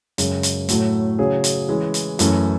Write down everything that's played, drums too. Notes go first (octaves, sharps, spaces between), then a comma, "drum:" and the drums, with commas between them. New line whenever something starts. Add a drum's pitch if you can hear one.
F#2 C#3 G#3, drum: hi-hat
drum: hi-hat
A2 F#3 A3, drum: hi-hat
C#3 F#3 C#4 G#4 C#5
drum: hi-hat
E3 G#3 C#4
drum: hi-hat
F#2 E3 A3 C#4, drum: hi-hat